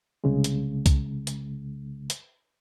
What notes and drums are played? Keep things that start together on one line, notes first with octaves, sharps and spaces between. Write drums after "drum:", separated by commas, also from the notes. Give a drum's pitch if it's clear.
C2 C#3 G#3
drum: hi-hat
drum: kick C2, hi-hat
drum: hi-hat
drum: hi-hat